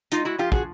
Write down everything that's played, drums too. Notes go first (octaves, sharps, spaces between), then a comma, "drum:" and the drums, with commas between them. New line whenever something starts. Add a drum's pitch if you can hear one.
G#3 D#4 F4, drum: hi-hat
E4 F#4
F3 F4 G4
F#4 G#4, drum: kick